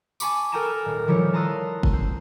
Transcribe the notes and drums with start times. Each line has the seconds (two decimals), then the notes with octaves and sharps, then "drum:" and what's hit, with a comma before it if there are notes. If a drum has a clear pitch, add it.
0.20 G#5 A5 B5 C#6 D6, drum: tambourine
0.52 A4 A#4 G5 G#5 A#5 E7
0.85 D#1
1.07 D#3 F3 G3 E4 C#5
1.33 A5 A#5 C6 D#6 E6 F#6
1.83 drum: kick F#1
1.93 C4